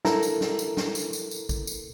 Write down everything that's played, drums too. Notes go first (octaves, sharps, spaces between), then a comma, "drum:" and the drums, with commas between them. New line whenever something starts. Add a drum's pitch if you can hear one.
E4 A4 A#4 A#5, drum: snare
drum: tambourine
drum: snare
drum: tambourine
drum: snare
drum: tambourine
drum: tambourine
drum: tambourine
drum: kick A#1, tambourine
drum: tambourine